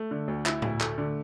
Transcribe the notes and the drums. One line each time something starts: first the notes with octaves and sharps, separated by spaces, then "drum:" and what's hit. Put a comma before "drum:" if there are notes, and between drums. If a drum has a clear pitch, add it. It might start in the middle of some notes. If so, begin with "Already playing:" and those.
Already playing: A3
D3
D2
E4, drum: clap
D2, drum: tom G#2
A3, drum: clap
D3